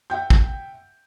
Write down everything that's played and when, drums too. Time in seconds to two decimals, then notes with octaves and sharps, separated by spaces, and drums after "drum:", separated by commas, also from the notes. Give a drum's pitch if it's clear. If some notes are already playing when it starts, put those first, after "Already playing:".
0.10 E5 F#5 G5 G6
0.30 drum: kick